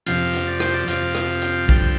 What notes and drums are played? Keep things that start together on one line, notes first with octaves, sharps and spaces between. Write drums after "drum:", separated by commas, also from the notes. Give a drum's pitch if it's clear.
F2 C3 F3 F5, drum: hi-hat
drum: hi-hat
D5
C5, drum: rim click
D5
F2 C3 F3 F5, drum: hi-hat
drum: rim click
drum: hi-hat
G2 D3 F3 G5, drum: kick B1